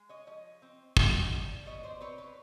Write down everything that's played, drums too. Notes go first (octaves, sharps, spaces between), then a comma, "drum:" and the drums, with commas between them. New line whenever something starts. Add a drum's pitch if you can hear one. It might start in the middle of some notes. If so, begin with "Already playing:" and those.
Already playing: G#3
C#5 D#5
F3 C#5 D#5
C4
B2 C#5 D#5, drum: kick
G3
B2 C#5 D#5
C5 D5
C4 B4 C#5
B4 C#5